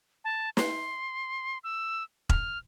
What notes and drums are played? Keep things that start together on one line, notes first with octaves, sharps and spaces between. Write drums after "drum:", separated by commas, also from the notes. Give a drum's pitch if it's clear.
A5
C6, drum: snare
E6
F6, drum: kick E1